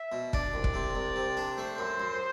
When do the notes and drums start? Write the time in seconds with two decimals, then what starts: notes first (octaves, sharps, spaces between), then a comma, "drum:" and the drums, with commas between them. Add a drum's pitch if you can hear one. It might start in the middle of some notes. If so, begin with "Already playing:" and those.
Already playing: E5
0.12 B2
0.33 D4 D5, drum: kick
0.54 C2
0.64 drum: kick
0.74 C3
0.95 C2
1.16 C3
1.37 D4
1.58 A3 C5
1.78 F#2
2.00 F#2